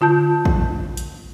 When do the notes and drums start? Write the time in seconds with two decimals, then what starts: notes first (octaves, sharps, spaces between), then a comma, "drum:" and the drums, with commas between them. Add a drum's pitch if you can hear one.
0.01 D3 F4 A5 G6
0.45 drum: kick
0.97 drum: hi-hat